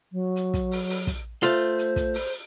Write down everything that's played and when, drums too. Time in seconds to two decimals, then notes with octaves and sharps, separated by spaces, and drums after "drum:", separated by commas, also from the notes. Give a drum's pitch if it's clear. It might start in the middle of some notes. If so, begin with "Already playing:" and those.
0.12 F#3
0.36 drum: hi-hat
0.54 drum: kick, hi-hat
0.71 drum: open hi-hat
0.89 drum: open hi-hat
1.07 drum: kick, hi-hat
1.43 A3 F4 C5, drum: hi-hat
1.78 drum: hi-hat
1.96 drum: kick, hi-hat
2.14 drum: open hi-hat